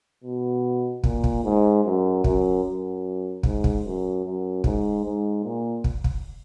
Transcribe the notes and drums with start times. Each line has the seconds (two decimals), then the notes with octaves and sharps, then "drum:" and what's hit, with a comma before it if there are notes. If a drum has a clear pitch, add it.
0.24 B2
1.04 A#2, drum: kick
1.24 drum: kick
1.44 G#2
1.84 F#2
2.24 F#2, drum: kick
2.64 F#2
3.43 G#2, drum: kick
3.64 drum: kick
3.85 F#2
4.25 F#2
4.64 G#2, drum: kick
5.04 G#2
5.44 A#2
5.84 drum: kick
6.04 drum: kick